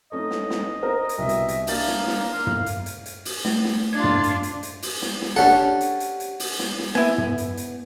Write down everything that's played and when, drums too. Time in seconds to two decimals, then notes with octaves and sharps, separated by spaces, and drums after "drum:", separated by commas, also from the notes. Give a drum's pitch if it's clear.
0.12 A3 C#4 D#4 D#5
0.31 drum: snare
0.50 drum: snare
0.82 A#4 C5
1.09 drum: hi-hat
1.18 C2 B2 E5
1.29 drum: hi-hat
1.48 drum: hi-hat
1.67 A#3 D4 D5 A6, drum: open hi-hat
1.88 drum: snare
2.07 drum: snare
2.33 F5
2.47 drum: tom
2.66 drum: hi-hat
2.86 drum: hi-hat
3.06 drum: hi-hat
3.25 drum: open hi-hat
3.45 A3, drum: snare
3.65 drum: snare
3.93 D4 F4 G#6
4.04 drum: tom
4.23 drum: hi-hat
4.43 drum: hi-hat
4.63 drum: hi-hat
4.82 drum: open hi-hat
5.02 drum: snare
5.22 drum: snare
5.36 C#4 D4 G4 A4 F#5
5.81 drum: hi-hat
6.00 drum: hi-hat
6.20 drum: hi-hat
6.40 drum: open hi-hat
6.59 drum: snare
6.79 drum: snare
6.95 B3 E4 G#5
7.18 drum: tom
7.38 drum: hi-hat
7.57 drum: hi-hat